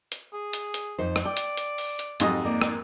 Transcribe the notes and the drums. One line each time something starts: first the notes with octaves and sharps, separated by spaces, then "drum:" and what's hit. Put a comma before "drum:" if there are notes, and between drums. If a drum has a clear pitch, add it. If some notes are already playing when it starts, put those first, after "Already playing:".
drum: hi-hat
G#4
drum: hi-hat
drum: hi-hat
F2 D#4 C5
drum: rim click
D5 G5
drum: hi-hat
drum: hi-hat
drum: open hi-hat
drum: hi-hat
F2 G#2 F#3 G4 D#5, drum: hi-hat
A#3 D5
drum: rim click